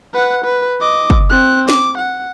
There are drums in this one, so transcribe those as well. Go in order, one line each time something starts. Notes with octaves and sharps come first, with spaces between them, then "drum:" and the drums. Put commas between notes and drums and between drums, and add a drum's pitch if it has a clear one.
B4 F#5
B4
D#5 D6
drum: kick
C4 F#6
D6, drum: snare
F#5